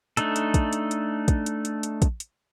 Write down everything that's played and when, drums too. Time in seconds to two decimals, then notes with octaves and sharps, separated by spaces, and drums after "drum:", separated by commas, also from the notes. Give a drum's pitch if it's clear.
0.17 A3 D4 D#4 A4, drum: hi-hat
0.36 drum: hi-hat
0.54 drum: kick, hi-hat
0.73 drum: hi-hat
0.91 drum: hi-hat
1.28 drum: kick, hi-hat
1.46 drum: hi-hat
1.65 drum: hi-hat
1.83 drum: hi-hat
2.02 drum: kick, hi-hat
2.20 drum: hi-hat